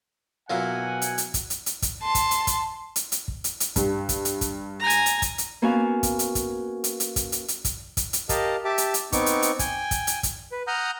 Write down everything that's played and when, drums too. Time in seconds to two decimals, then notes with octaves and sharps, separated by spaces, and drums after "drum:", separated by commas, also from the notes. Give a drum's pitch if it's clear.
0.50 B2 F#3 A#3 E4 F4 F#5 G#5
1.02 drum: hi-hat
1.18 drum: hi-hat
1.34 drum: kick, hi-hat
1.50 drum: hi-hat
1.66 drum: hi-hat
1.82 drum: kick, hi-hat
2.02 A5 C6
2.15 drum: kick, hi-hat
2.31 drum: hi-hat
2.47 drum: kick, hi-hat
2.96 drum: hi-hat
3.12 drum: hi-hat
3.28 drum: kick
3.44 drum: hi-hat
3.60 drum: hi-hat
3.76 G2, drum: kick, hi-hat
4.09 drum: kick, hi-hat
4.25 drum: hi-hat
4.41 drum: kick, hi-hat
4.80 G#5 A#5
4.90 drum: hi-hat
5.06 drum: hi-hat
5.22 drum: kick, hi-hat
5.38 drum: hi-hat
5.62 A#3 B3 C#4 F#4 F5 G#5
6.03 drum: kick, hi-hat
6.19 drum: hi-hat
6.35 drum: kick, hi-hat
6.84 drum: hi-hat
7.00 drum: hi-hat
7.16 drum: kick, hi-hat
7.32 drum: hi-hat
7.48 drum: hi-hat
7.65 drum: kick, hi-hat
7.97 drum: kick, hi-hat
8.13 drum: hi-hat
8.29 G4 A#4 D#5 F5 A5, drum: kick, hi-hat
8.65 G4 E5 A5 D6
8.78 drum: hi-hat
8.94 drum: hi-hat
9.12 B3 C4 D#4 C#6 D6, drum: kick, hi-hat
9.26 drum: hi-hat
9.42 drum: hi-hat
9.59 G5 G#5, drum: kick, hi-hat
9.91 drum: kick, hi-hat
10.07 drum: hi-hat
10.23 drum: kick, hi-hat
10.52 B4
10.67 F#5 A#5 D#6 F6 G6